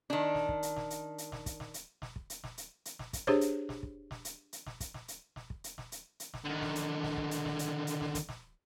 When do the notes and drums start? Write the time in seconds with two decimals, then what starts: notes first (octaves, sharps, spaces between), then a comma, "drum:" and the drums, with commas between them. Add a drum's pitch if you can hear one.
0.10 D#3 D4
0.35 drum: snare
0.49 drum: kick
0.63 drum: hi-hat
0.76 drum: snare
0.90 drum: hi-hat
1.18 drum: hi-hat
1.32 drum: snare
1.46 drum: kick, hi-hat
1.60 drum: snare
1.74 drum: hi-hat
2.02 drum: snare
2.16 drum: kick
2.30 drum: hi-hat
2.44 drum: snare
2.58 drum: hi-hat
2.85 drum: hi-hat
2.99 drum: snare
3.13 drum: kick, hi-hat
3.27 D4 G4 G#4 C5 C#5, drum: snare
3.41 drum: hi-hat
3.69 drum: snare
3.83 drum: kick
4.11 drum: snare
4.25 drum: hi-hat
4.53 drum: hi-hat
4.67 drum: snare
4.80 drum: kick, hi-hat
4.94 drum: snare
5.08 drum: hi-hat
5.36 drum: snare
5.50 drum: kick
5.64 drum: hi-hat
5.78 drum: snare
5.92 drum: hi-hat
6.20 drum: hi-hat
6.34 drum: snare
6.44 D3 D#3
6.62 drum: snare
6.75 drum: hi-hat
7.03 drum: snare
7.17 drum: kick
7.31 drum: hi-hat
7.45 drum: snare
7.59 drum: hi-hat
7.87 drum: hi-hat
8.01 drum: snare
8.15 drum: kick, hi-hat
8.29 drum: snare